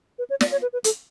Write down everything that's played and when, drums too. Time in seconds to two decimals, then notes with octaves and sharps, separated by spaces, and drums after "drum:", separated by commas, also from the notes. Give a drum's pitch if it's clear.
0.18 B4
0.30 C#5
0.41 D5, drum: snare
0.52 C#5
0.62 B4
0.73 B4
0.84 A4, drum: hi-hat